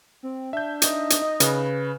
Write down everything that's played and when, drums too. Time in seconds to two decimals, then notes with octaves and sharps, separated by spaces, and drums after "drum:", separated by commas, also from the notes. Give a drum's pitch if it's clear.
0.23 C4
0.53 D4 E5 G6
0.82 D#4, drum: hi-hat
1.10 drum: hi-hat
1.22 D#5
1.40 C#3 B4, drum: hi-hat